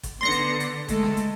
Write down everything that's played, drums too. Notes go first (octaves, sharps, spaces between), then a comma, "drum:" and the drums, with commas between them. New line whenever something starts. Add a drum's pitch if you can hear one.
drum: kick G1, hi-hat
D3 B3 D5 C6 A#6 C#7
drum: hi-hat
drum: hi-hat
G#3 A3 A4, drum: kick G1, hi-hat
drum: snare
drum: hi-hat